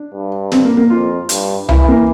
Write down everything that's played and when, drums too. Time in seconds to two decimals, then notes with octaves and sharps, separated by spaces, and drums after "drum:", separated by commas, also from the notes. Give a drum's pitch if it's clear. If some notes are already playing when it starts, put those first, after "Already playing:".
Already playing: D4
0.13 G2
0.52 C4, drum: snare
0.65 A#3
0.77 A#3
0.90 F2 F4
1.29 G2, drum: hi-hat
1.69 E3 E4, drum: tom C2
1.88 A#3